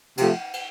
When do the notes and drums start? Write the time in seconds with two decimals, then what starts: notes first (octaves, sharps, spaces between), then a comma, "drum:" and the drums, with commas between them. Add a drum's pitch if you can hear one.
0.17 C3 F3 A3, drum: cymbal
0.53 drum: cymbal